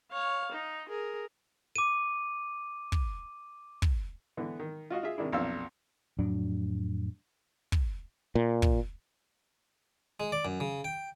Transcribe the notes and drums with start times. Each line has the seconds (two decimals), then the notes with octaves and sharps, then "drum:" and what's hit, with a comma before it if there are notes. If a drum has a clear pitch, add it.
0.11 C#5 F5
0.52 D#4
0.88 G#4 A#4
1.76 D6 D#7
2.92 drum: kick
3.82 drum: kick
4.37 D3 E3 B3
4.60 D#3
4.90 F4 F#4 D#5 F5
5.03 F4 G#4 E5
5.17 C3 D#3 D4 E4 G#4
5.32 B1 F2 A#2 D4 F5 E6
6.19 F2 A2 F#3 D4
7.72 drum: kick
8.35 A#2
8.62 drum: kick
10.20 G#3
10.32 D5
10.45 F#2
10.60 C#3
10.84 G5